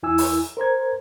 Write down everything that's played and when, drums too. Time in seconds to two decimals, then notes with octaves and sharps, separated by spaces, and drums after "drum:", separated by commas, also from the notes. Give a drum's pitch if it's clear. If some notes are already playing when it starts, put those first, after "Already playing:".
0.03 E2 E4 G#5 E6
0.18 drum: open hi-hat
0.57 A#4 C5 A#5 G#6